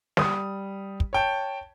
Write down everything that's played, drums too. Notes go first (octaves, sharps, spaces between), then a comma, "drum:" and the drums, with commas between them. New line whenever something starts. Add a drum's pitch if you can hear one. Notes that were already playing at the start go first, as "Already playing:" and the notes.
G3 D#6, drum: snare
drum: kick
C#5 G5 A5